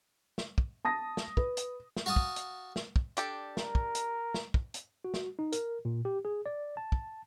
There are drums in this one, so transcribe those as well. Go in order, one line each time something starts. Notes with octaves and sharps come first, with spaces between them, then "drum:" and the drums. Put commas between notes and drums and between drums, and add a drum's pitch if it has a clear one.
drum: snare
drum: kick
A5 D#6 A#6
drum: snare
B4, drum: kick
drum: hi-hat
drum: snare
F#4 F5 A5 D#6
drum: kick
drum: hi-hat
drum: snare
drum: kick
D4 G4 A4, drum: hi-hat
A#4, drum: snare
drum: kick
drum: hi-hat
drum: snare
drum: kick
drum: hi-hat
F#4
drum: snare
D#4
A#4, drum: hi-hat
A#2
G4
G#4
D5
A5
drum: kick